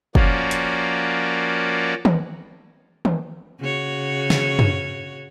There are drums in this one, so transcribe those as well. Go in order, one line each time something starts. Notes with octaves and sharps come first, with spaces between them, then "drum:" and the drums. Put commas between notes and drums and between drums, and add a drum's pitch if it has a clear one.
F3 A#3 C#4 F#4 D5, drum: kick
drum: hi-hat
drum: tom D#3
drum: tom D#3
C#3 F#4 C#5
drum: snare
drum: tom F#2